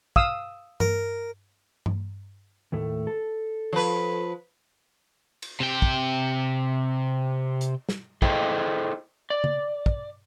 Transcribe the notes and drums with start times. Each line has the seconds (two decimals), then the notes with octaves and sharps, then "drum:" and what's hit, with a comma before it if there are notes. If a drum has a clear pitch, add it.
0.16 F5 D#6 E6, drum: kick
0.80 A#4, drum: tom G2
1.86 drum: tom G2
2.72 D#2 A2 A3
3.07 A4
3.73 F3 B4
5.42 drum: cymbal
5.60 C3 G5
5.82 drum: kick
7.61 drum: hi-hat
7.89 drum: snare
8.22 E4 G#4 A4 C5 D#5 G5, drum: kick
9.30 D5
9.44 drum: tom C#3
9.86 drum: kick